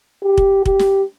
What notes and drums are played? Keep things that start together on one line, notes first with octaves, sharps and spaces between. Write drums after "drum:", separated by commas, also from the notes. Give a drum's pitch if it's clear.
G4
drum: kick
G4, drum: kick
drum: snare